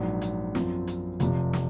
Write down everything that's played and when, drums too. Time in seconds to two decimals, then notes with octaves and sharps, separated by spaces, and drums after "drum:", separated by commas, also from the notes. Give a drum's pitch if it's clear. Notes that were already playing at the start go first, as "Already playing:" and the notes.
Already playing: A#1 G#2 F#3
0.21 drum: hi-hat
0.55 F#2 F3 C4, drum: snare
0.87 drum: hi-hat
1.20 F1 F2 C3 F3, drum: hi-hat
1.53 drum: snare